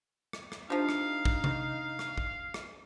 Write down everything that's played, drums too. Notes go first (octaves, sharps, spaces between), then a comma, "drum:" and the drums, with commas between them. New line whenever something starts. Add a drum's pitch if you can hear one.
drum: rim click
drum: rim click
C3 F3 D4 D#4 F5
drum: rim click
drum: kick
drum: tom C3
drum: rim click
drum: kick
drum: rim click